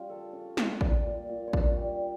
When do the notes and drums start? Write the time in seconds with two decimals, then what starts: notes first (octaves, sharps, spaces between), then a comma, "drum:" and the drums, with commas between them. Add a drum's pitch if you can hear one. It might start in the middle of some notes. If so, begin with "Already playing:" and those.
Already playing: G3 C#4 F4 G4
0.09 C#3 A4
0.33 C#4
0.57 C#4 C#5, drum: snare
0.81 G3 D5, drum: kick A1
1.05 A#2
1.29 A#2
1.48 C#5
1.53 C#4 D5, drum: kick A1
1.77 G3